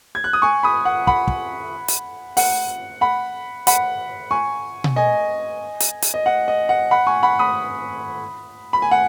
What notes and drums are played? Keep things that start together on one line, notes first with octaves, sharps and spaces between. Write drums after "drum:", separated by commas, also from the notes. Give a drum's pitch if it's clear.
G#6
F#6
D#6
G#5 C#6
B5 D#6
F#5
F#5 B5, drum: kick
drum: kick
drum: hi-hat
F#5, drum: open hi-hat
F#5 B5
F#5 B5, drum: hi-hat
G#5 C#6
drum: tom B2
D#5 G#5
drum: hi-hat
drum: hi-hat
D#5
F#5
D#5
F#5
F#5 B5
G#5 C#6
F#5 B5
B5 D#6
B5
G#5
F#5